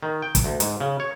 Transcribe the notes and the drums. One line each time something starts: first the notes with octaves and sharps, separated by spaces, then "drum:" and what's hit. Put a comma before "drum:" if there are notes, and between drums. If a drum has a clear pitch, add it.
D#3
G5
drum: kick, hi-hat
D2
G#2, drum: hi-hat
C#3
C#5